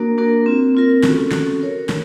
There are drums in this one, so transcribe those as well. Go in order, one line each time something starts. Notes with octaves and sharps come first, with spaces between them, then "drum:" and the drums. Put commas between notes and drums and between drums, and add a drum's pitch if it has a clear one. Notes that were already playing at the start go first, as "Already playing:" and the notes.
Already playing: A#3 D4 F#4 A#4
A#3 D4 F#4 A#4
C4 F4 A#4
C4 F4 A#4
C#4 F#4 A4, drum: snare
C#4 F#4 A4, drum: snare
F4 A#4 C#5
F4, drum: snare